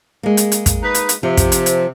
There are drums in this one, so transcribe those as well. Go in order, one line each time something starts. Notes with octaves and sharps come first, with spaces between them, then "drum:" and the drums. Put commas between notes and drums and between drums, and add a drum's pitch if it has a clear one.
G#3 A#3
drum: hi-hat
drum: hi-hat
drum: kick, hi-hat
D#4 B4
drum: hi-hat
drum: hi-hat
C3 F3
drum: kick, hi-hat
drum: hi-hat
drum: hi-hat